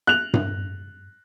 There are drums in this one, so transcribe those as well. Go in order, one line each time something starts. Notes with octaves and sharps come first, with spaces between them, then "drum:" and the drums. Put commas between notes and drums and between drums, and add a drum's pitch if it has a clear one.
F#6 F7
drum: tom G2